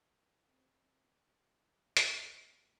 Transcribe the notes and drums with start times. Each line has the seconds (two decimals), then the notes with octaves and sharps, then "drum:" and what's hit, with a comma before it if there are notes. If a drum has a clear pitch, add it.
0.49 C4
1.97 C3 G#3 C#4, drum: hi-hat